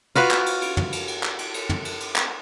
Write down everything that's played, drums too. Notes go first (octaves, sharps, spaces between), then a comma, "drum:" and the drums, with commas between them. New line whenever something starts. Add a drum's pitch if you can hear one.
F4 F#4 B4 F5, drum: cymbal
drum: clap
drum: cymbal
drum: cymbal
drum: tom
drum: cymbal
drum: cymbal
drum: clap
drum: cymbal
drum: cymbal
drum: tom
drum: cymbal
drum: cymbal
drum: clap